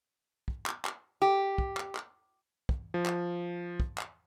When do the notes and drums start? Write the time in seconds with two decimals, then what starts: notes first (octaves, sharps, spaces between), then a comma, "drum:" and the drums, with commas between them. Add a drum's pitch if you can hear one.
0.48 drum: kick
0.66 drum: clap
0.85 drum: clap
1.22 G4
1.58 drum: kick
1.77 drum: clap
1.95 drum: clap
2.69 drum: kick
2.94 F3
3.06 drum: clap
3.80 drum: kick
3.98 drum: clap